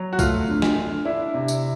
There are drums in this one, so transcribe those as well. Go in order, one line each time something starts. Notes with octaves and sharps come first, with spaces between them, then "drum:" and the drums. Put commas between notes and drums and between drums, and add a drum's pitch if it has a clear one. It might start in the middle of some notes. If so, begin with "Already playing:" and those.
Already playing: F#3
F#4
A3 F4, drum: kick, tambourine
D3
drum: snare
D3
D4 E4
C3
drum: tambourine